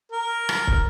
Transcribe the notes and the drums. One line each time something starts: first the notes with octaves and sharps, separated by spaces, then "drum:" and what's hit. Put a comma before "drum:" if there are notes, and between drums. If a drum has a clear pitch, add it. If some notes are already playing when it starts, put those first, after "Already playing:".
A#4
drum: rim click
drum: kick